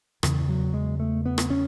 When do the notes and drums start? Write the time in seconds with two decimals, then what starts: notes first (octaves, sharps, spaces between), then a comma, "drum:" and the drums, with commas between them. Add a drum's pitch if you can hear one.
0.23 E2 C#3 E3, drum: rim click
0.49 F#3
0.74 G#3
1.00 A3
1.26 B3
1.38 drum: rim click
1.50 C#4